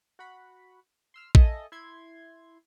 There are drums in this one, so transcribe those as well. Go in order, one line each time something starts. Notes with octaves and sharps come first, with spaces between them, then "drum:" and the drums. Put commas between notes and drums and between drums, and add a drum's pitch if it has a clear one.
F#4 F#5 B5
C6 E6 F6
A4 D#5 E5 G#5 A5, drum: kick A#1
E4 C6 G#6